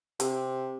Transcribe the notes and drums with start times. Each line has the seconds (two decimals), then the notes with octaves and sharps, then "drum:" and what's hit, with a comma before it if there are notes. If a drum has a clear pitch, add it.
0.20 C3, drum: hi-hat